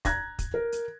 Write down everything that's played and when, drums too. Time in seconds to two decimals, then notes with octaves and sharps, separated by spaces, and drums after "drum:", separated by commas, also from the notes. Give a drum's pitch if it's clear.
0.05 A#5 F#6 G#6 A#6, drum: kick, hi-hat
0.39 drum: kick, hi-hat
0.54 A#4
0.72 drum: hi-hat